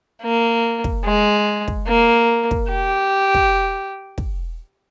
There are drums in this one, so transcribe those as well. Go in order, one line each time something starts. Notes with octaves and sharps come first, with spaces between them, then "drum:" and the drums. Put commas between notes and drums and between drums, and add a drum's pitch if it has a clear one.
A#3
drum: kick
G#3
drum: kick
A#3
drum: kick
G4
drum: kick
drum: kick